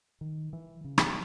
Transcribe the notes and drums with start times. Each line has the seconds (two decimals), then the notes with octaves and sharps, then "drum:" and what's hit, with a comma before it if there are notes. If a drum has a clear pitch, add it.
0.21 D#3
0.53 E3
0.84 C#3
0.98 drum: rim click